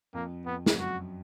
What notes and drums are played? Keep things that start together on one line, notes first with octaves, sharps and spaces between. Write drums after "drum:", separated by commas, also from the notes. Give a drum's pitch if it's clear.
F2 A#3
F2 B3
drum: snare
F#2 F#4